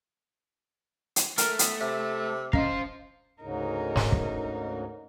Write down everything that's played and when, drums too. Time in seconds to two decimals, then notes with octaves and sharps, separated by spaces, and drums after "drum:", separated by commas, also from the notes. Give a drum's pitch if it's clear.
1.16 drum: hi-hat
1.38 A3 A#4, drum: hi-hat
1.59 B3, drum: hi-hat
1.81 C3 E5
2.53 C#4 C5 D#5 F5, drum: kick
3.42 D2 G#2 C#3 D#4 A#4
3.96 drum: snare
4.12 drum: kick